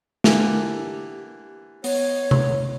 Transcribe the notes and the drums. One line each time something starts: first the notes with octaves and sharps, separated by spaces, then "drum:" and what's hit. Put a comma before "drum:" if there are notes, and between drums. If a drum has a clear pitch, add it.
D3 E3 A#3 G4, drum: snare
B3 C#5, drum: open hi-hat
drum: tom C3